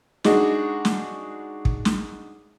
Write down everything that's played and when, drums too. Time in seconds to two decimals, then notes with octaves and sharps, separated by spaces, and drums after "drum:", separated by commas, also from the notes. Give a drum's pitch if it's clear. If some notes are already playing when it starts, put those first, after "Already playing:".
0.24 G#3 D4 D#4 F#4 G#4, drum: snare
0.85 drum: snare
1.65 drum: kick
1.85 drum: snare